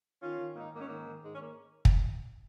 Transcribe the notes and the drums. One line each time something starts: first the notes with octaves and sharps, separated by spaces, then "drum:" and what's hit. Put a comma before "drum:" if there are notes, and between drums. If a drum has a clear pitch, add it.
D#3 C#4 F4
D#3
G#2 A#3 D#4
G#2 A#3
C#4
D#3 A#3
D#3
G#2 G#3
C#4
A#3
drum: kick